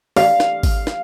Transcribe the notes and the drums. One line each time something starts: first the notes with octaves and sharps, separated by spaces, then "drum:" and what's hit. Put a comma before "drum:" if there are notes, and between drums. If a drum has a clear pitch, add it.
F5, drum: open hi-hat
drum: snare
drum: kick G#1, open hi-hat
drum: snare